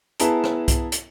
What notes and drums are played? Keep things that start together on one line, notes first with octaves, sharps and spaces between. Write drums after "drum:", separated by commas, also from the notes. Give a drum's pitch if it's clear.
B3 E4 G#4 A5 A#5, drum: hi-hat
drum: rim click
drum: kick C2, hi-hat
drum: hi-hat